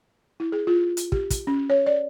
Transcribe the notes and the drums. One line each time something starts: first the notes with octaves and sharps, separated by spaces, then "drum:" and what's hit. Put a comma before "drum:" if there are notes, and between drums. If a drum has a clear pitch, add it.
E4
G#4
F4
drum: hi-hat
G4, drum: kick
drum: kick, hi-hat
C#4
C#5
D5